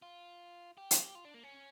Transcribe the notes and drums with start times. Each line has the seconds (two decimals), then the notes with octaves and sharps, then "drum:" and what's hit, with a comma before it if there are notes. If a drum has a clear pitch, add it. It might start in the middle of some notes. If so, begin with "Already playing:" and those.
0.02 F4
0.77 G4
0.91 F4, drum: hi-hat
1.03 G4
1.15 F4
1.25 D4
1.34 A#3
1.43 C#4